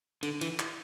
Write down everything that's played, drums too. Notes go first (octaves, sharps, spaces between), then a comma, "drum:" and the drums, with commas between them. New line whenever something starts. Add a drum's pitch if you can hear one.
D3, drum: cymbal
E3, drum: cymbal
drum: clap